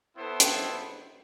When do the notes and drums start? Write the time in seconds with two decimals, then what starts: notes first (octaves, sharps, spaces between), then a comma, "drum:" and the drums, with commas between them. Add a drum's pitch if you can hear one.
0.16 B3 E4 A4 C5
0.40 drum: hi-hat